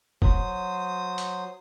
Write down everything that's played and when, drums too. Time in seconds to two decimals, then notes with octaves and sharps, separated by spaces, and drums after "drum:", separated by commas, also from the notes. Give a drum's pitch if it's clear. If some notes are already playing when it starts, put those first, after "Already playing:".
0.22 F#3 C5 D#6, drum: kick
1.18 drum: hi-hat